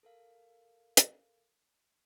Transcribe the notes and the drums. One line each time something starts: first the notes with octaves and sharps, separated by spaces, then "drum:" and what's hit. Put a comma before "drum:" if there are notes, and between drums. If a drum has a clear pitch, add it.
A4 A#4 F5
drum: hi-hat